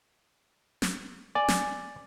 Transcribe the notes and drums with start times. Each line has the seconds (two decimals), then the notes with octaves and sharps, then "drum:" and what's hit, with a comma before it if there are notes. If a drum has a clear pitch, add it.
0.82 drum: snare
1.35 D5 G#5
1.48 drum: snare